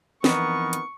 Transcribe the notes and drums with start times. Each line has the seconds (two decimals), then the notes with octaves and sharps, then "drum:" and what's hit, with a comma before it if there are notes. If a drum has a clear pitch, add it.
0.24 F2 E3 B3 D#4 A#4 C#6, drum: snare
0.73 drum: hi-hat